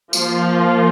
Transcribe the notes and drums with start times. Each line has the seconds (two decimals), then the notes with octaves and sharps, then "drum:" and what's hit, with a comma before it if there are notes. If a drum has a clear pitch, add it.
0.13 F3 A#3 F4, drum: tambourine